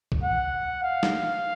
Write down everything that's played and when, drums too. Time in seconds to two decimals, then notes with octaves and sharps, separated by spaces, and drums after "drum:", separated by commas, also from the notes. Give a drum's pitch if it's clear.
0.12 drum: kick B1
0.23 F#5
0.83 F5
1.03 drum: snare